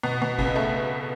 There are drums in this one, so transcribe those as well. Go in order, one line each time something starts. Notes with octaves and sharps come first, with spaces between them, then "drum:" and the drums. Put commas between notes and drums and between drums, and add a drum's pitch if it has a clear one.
B2
B2
C#2, drum: kick G#1
A3